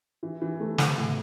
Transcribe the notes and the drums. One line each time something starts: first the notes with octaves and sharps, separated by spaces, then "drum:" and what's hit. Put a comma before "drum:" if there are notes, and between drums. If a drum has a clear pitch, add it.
E3
E3
A3
A3, drum: snare
A2